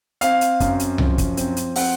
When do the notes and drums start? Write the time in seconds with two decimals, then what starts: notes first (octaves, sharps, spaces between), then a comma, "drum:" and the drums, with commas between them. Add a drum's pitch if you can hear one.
0.21 C4 F5, drum: hi-hat
0.41 drum: hi-hat
0.60 F#2, drum: kick, hi-hat
0.80 drum: hi-hat
0.98 F3, drum: tom C2
1.18 drum: kick, hi-hat
1.37 C4, drum: hi-hat
1.57 drum: hi-hat
1.76 C4 F#5, drum: open hi-hat